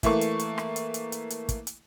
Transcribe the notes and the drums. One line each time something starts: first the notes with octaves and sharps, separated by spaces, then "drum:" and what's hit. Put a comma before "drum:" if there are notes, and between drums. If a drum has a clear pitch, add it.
E3 A3 A#3 C#6, drum: kick, hi-hat
drum: hi-hat
drum: hi-hat
drum: rim click
drum: hi-hat
drum: hi-hat
drum: hi-hat
drum: hi-hat
drum: kick, hi-hat
drum: hi-hat